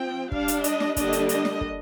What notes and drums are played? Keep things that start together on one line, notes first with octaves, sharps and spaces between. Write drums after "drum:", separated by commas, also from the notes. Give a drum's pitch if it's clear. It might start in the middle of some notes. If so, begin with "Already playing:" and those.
Already playing: F3 C4 G5
G3 D4 F5, drum: kick
drum: hi-hat
D#5, drum: hi-hat
drum: snare
D3 G3 A#3 D4 D#5, drum: kick, hi-hat
drum: hi-hat
D#5, drum: hi-hat
drum: snare
drum: kick